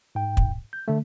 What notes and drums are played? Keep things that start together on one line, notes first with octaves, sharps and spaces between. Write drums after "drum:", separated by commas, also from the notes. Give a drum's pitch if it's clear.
G#2 G5
drum: kick
G6
D3 A3